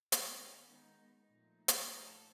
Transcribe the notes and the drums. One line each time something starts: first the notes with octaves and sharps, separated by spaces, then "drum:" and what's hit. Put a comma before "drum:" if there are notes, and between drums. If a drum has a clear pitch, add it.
D#3 G#3 B3 C4, drum: hi-hat
C#4
D#4
A#2 F3 A3
drum: hi-hat
D#4
A4